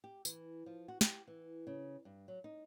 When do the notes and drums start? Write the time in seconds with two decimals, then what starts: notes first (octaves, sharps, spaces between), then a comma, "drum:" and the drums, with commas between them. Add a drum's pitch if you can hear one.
0.04 G4
0.25 E3, drum: tambourine
0.66 F3
0.88 F#4
1.01 G4, drum: snare
1.27 E3
1.67 C#3
2.05 G2
2.28 F#3
2.44 D#4